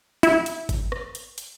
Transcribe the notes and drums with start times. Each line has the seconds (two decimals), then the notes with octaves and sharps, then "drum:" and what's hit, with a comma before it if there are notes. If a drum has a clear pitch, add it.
0.23 E4, drum: hi-hat
0.46 drum: hi-hat
0.69 drum: kick G#1, hi-hat
0.92 drum: rim click
1.15 drum: hi-hat
1.38 drum: hi-hat